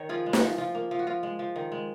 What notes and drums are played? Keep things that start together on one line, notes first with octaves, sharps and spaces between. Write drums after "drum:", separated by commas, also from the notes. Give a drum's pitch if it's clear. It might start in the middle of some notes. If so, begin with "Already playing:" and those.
Already playing: D#3 C#5
F3 F4 G#4
G#3
D#4 F#4, drum: snare
F3
F3 F4
A#3
F3
F#4
F3 F4
G#3
F3
D#3
G#3